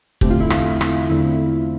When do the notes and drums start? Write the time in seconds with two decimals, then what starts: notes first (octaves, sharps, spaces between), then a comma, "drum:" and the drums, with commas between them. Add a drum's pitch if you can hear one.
0.21 E2 D3 A3 C4 G4, drum: kick
0.30 F4
0.40 E4
0.50 F4, drum: rim click
0.81 drum: rim click
1.10 E2 D3 A3 C4 E4
1.31 E4